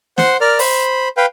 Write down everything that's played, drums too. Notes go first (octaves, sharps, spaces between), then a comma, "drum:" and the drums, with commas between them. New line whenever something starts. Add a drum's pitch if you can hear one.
C5 F#5 C6, drum: snare
A#4 D5 F6
C5 B5, drum: open hi-hat
B4 F5 G5